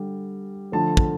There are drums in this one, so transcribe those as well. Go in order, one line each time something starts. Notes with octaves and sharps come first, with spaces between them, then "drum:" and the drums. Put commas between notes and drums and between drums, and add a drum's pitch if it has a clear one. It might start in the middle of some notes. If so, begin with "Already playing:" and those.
Already playing: D3 G3
D3 F3 A3 A5
drum: kick